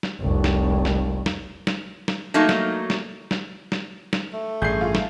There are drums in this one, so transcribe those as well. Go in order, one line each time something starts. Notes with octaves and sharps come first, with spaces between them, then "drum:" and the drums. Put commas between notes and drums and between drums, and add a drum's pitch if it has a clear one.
drum: snare
F1 C2
drum: snare
drum: snare
drum: snare
drum: snare
drum: snare
F#3 A3 A#3 D#4
drum: snare
drum: snare
drum: snare
drum: snare
drum: snare
A3
A1 G2 G#4 G6 C7
F4
drum: snare